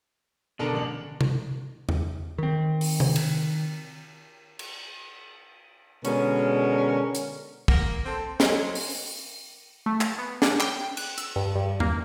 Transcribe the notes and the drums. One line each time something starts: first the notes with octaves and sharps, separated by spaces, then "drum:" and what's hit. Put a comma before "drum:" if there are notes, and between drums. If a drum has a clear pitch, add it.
B2 D3 D4 A4 A#4
A1 D4 F#7
drum: tom C3
drum: tom E2
D#3 C4
drum: open hi-hat
drum: tom C3
drum: cymbal
drum: cymbal
B2 D3 G#3 C#4 A#4, drum: hi-hat
drum: hi-hat
A#3 F#5, drum: kick
C4 A4 C5
F#3 A4 C5 D#5 G#5, drum: snare
drum: open hi-hat
A3
A6, drum: clap
B3
D4, drum: snare
G5, drum: clap
F#6, drum: cymbal
E6, drum: hi-hat
G2
G2
A#3, drum: tom E2